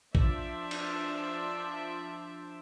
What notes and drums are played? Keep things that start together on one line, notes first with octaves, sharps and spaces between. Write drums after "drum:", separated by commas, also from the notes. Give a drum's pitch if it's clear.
F3 D4 C5 D5 E5, drum: kick
drum: cymbal